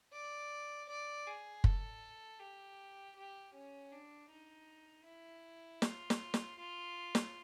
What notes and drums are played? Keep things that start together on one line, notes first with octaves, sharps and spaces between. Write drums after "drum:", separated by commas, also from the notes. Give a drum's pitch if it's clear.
D5
D5
G#4
A4, drum: kick
G4
G4
C#4
D4
D#4
E4
F4, drum: snare
drum: snare
drum: snare
F4
drum: snare